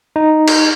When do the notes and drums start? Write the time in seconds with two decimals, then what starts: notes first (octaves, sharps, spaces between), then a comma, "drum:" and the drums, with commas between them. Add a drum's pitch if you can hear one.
0.16 D#4
0.48 drum: cymbal